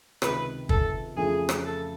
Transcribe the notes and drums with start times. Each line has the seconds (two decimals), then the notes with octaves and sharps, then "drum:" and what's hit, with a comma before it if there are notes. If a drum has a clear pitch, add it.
0.22 C#2 C3 D#3 B4, drum: rim click
0.69 A4, drum: kick
1.16 F2 C#3 E3 A3 G#4
1.49 drum: rim click
1.64 A4